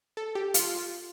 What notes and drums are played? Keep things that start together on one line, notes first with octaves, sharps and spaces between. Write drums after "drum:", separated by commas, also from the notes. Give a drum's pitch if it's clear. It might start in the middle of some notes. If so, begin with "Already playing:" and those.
A4
G4
F4, drum: hi-hat